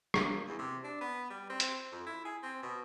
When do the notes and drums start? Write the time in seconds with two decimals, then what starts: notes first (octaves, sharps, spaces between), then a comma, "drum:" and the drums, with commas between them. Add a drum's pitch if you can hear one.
0.14 A#3, drum: rim click
0.47 E2
0.59 C3
0.84 D4
1.01 B3
1.30 G3
1.50 C4
1.60 drum: hi-hat
1.92 F2
2.06 E4
2.25 G#4
2.43 C4
2.62 B2